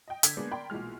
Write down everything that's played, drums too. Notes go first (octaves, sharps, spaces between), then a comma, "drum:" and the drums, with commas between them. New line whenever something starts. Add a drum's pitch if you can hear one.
D#5 G5
D3 D#6 E6 G6 G#6 B6, drum: hi-hat
G#3 A#3 B3 D4 G#4
A#4 D5 G5 B5 C6
B1 A#2 E3 G#3 F6